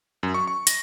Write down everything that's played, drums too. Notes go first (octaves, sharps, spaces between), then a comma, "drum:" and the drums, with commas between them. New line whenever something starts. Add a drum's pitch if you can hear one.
F#2
C#6
C#6
A#6, drum: hi-hat